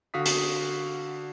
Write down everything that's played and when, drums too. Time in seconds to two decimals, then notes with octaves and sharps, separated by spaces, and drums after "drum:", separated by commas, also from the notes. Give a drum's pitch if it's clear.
0.14 D3 F#4 F5 D#6 B6
0.26 drum: hi-hat